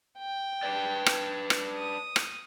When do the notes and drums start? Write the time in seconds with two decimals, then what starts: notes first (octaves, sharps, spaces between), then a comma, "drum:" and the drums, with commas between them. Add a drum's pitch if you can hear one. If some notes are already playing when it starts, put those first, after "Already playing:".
0.19 G5
0.63 D4 B4 D5
1.06 drum: rim click
1.50 drum: rim click
1.78 D#6
2.16 drum: rim click